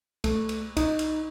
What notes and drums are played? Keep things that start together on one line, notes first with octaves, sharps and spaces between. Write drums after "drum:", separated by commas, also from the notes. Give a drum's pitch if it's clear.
A3, drum: kick C2, cymbal
drum: cymbal
D#4, drum: kick C2, cymbal
drum: cymbal